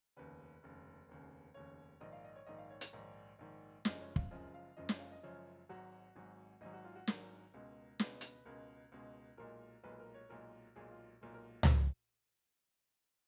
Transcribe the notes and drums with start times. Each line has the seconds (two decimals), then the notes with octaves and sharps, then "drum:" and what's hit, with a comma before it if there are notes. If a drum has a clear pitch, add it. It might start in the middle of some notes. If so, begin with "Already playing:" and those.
0.17 F1 D#2 C#3 B4
0.63 F1 D#2 C#3
1.09 F1 D#2 C#3
1.54 F1 D#2 C#3 C#5
2.01 A#1 G#2 D#3 D#5
2.12 F5
2.24 D#5
2.36 C#5
2.47 A#1 G#2 D#3 D#5
2.58 F5
2.70 C#5
2.81 C#5, drum: hi-hat
2.93 A#1 G#2 D#3
3.39 A#1 G#2 D#3
3.85 F#1 F#2 C#3 F3 G#3 D#5, drum: snare
4.01 C#5
4.16 F5, drum: kick
4.31 F#1 F#2 C#3 F3 G#3 D#5
4.54 F5
4.77 F#1 F#2 C#3 F3 G#3 D#5
4.89 C#5, drum: snare
5.00 F5
5.12 D#5
5.23 F#1 F#2 C#3 F3 G#3 C#5
5.69 G#1 G#2 F#3 F#4
6.16 G#1 G#2 F#3
6.61 G#1 G#2 F#3 D#5
6.73 F#4
6.84 F4
6.95 F#4
7.07 G#1 G#2 F#3 A#4, drum: snare
7.54 C#2 B2 G#3
7.99 C#2 B2 G#3 B4, drum: snare
8.21 drum: hi-hat
8.46 C#2 B2 G#3 A#4
8.92 C#2 B2 G#3
9.37 B1 A#2 G#3 A#4
9.84 B1 A#2 G#3 B4
9.99 A#4
10.14 C#5
10.29 B1 A#2 G#3 A#4
10.76 B1 A#2 G#3 G#4
10.91 F4
11.21 B1 A#2 G#3
11.34 A#4
11.63 drum: tom C#2